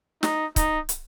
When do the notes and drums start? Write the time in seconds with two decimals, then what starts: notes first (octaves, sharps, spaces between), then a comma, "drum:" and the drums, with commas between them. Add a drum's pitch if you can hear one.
0.23 D#4, drum: snare
0.56 D#4, drum: kick C#1, hi-hat
0.89 drum: hi-hat